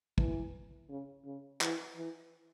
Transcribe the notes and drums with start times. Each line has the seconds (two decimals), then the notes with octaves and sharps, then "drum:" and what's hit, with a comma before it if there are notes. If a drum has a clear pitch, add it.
0.18 E3, drum: kick
0.89 C#3
1.25 C#3
1.61 E3, drum: clap
1.96 E3